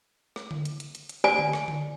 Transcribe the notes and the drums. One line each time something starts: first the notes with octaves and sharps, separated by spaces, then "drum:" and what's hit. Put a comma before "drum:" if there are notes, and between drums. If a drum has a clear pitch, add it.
drum: rim click
drum: tom D3
drum: hi-hat
drum: hi-hat
drum: hi-hat
drum: hi-hat
D5 G#5
drum: tom D3
drum: rim click
drum: tom D3